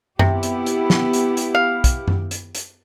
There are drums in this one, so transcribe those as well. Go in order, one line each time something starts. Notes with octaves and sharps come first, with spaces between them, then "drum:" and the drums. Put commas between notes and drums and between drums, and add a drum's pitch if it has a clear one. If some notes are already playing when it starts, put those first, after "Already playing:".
C3 B3 E4 G4, drum: tom F#2
drum: hi-hat
drum: hi-hat
drum: snare
drum: hi-hat
drum: hi-hat
F5
drum: kick, hi-hat
drum: tom F#2
drum: hi-hat
drum: hi-hat